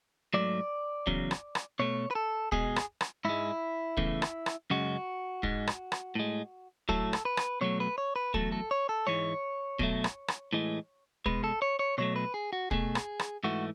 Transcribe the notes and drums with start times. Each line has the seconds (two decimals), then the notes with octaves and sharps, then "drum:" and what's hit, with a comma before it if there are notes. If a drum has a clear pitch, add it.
0.34 G#2 F#3 A3 D5
1.07 E2 C#3 F#3, drum: kick
1.31 drum: rim click
1.55 drum: rim click
1.79 B2 A3 C#5
2.11 B4
2.15 A4
2.52 B2 G#3 G#4, drum: kick
2.76 drum: rim click
3.01 drum: rim click
3.25 G#2 G#3 E4
3.97 E2 C#3 E3 A3, drum: kick
4.22 drum: rim click
4.46 drum: rim click
4.70 F#2 C#3 G#3 F#4
5.43 G#2 G#3, drum: kick
5.67 drum: rim click
5.92 drum: rim click
6.15 A2 G#3
6.89 A2 F#3 A3 A4, drum: kick
7.13 drum: rim click
7.25 B4
7.37 drum: rim click
7.61 B2 F#3 A3 C#5
7.80 B4
7.98 C#5
8.16 B4
8.34 E2 B2 F#3 A3 A4, drum: kick
8.52 A4
8.71 C#5
8.89 A4
9.07 G#2 E3 G#3 C#5
9.79 B2 F#3 A3, drum: kick
10.04 drum: rim click
10.28 drum: rim click
10.53 A2 E3 G#3
11.26 B2 G#3 B4, drum: kick
11.44 A4
11.62 C#5
11.79 C#5
11.98 B2 F#3 A3 C#5
12.16 B4
12.34 G#4
12.53 F#4
12.71 B2 A3 G#4, drum: kick
12.95 drum: rim click
13.19 drum: rim click
13.44 G#2 E3 A3 F#4